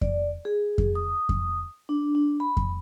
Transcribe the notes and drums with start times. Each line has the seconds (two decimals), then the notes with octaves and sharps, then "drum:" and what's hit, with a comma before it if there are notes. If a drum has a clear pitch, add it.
0.01 D5, drum: kick F2
0.45 G#4
0.78 drum: kick F2
0.95 D#6
1.29 drum: kick F2
1.89 D4
2.15 D4
2.40 B5
2.57 drum: kick F2